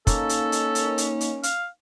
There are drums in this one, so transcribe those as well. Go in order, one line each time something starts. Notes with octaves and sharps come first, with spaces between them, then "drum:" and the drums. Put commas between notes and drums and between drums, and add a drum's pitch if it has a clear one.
A#3 C#4 D#4 A4, drum: kick, hi-hat
drum: hi-hat
drum: hi-hat
drum: hi-hat
drum: hi-hat
drum: hi-hat
F5, drum: hi-hat